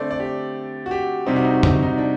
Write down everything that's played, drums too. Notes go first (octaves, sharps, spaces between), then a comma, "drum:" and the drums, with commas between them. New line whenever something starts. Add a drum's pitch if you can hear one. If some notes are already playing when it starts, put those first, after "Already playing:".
Already playing: D3 A3 C4 D5
D5
G4
F#4
G4
C3 G3 C4 D#4
F#4
D#4
F#4
D#4, drum: tom
F#4
D#4
D4